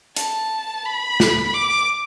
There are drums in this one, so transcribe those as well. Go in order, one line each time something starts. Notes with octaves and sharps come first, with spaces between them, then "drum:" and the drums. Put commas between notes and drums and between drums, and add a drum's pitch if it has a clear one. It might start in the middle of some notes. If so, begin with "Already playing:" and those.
A5, drum: hi-hat
B5
drum: snare
D6